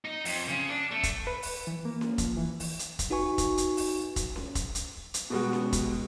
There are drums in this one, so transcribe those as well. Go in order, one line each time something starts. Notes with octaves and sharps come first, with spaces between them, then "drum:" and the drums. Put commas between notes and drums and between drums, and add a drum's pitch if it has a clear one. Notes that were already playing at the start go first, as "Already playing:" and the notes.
D#4
F2, drum: open hi-hat
C#3
D4
A3
drum: kick, hi-hat
B4
drum: open hi-hat
E3
A#3
drum: snare C#4
F3, drum: kick, hi-hat
E3
drum: open hi-hat
drum: hi-hat
drum: kick, hi-hat
D#4 F#4 B4 G#5 C#6
drum: kick, hi-hat
drum: hi-hat
drum: open hi-hat
drum: kick, hi-hat
drum: snare C#4
drum: kick, hi-hat
drum: hi-hat
drum: hi-hat
B2 G3 G#3 F#4
drum: snare C#4
drum: kick, hi-hat